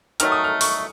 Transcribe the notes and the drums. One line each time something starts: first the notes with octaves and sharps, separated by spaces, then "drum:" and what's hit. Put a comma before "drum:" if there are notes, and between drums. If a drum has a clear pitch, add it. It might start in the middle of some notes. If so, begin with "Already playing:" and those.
D#3 F#3 A3 F6, drum: hi-hat
D#6
F6
C#6, drum: open hi-hat